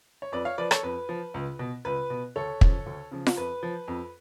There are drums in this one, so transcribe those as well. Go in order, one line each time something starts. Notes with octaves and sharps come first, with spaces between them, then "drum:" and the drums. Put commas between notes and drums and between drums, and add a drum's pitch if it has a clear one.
C#5
F2 B4 D5
C#5 F5
F3 B4 D5
A4 C#5, drum: rim click
F2 B4
F3
C#2
B2
C#2 B4
B2
D2 A4 C#5
C#3 F3, drum: kick
D2
C#3 F3
drum: snare F4
F2 B4
F3
F2